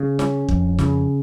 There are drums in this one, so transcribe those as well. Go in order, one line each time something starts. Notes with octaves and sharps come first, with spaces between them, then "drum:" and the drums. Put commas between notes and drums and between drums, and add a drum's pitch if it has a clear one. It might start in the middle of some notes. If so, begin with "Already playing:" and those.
Already playing: C#3
C#4, drum: snare
F2, drum: kick
C#3, drum: snare